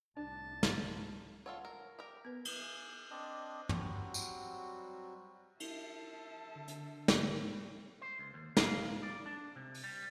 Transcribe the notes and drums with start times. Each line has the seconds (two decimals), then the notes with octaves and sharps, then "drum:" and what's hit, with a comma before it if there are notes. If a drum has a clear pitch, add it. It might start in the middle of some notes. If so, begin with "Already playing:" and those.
0.17 C2 A2 D4 A5
0.63 drum: snare
1.46 F4 A4 C#5 F#5
1.65 A#4
1.99 G4 A#4
2.25 B3 B4
2.45 drum: cymbal
2.60 G#4
3.10 C4 D4 D5 D#5
3.69 F#3 G3 C4 F#4, drum: tom
4.14 drum: tambourine
5.60 E5 A5, drum: cymbal
6.55 D3
6.68 drum: hi-hat
7.08 drum: snare
8.01 C5
8.19 C#2
8.34 D#2
8.57 F5, drum: snare
9.02 D5
9.26 D4
9.56 C3
9.74 drum: open hi-hat
9.84 G3